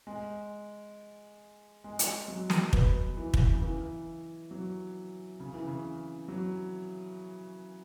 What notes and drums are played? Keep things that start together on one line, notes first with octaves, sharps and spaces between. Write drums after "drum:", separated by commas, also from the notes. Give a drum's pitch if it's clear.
G#3
G#3
drum: hi-hat
F#3
drum: snare
B3, drum: kick
E3
drum: kick
C#3
E3
F#3
C#3
E3
C#3
F#3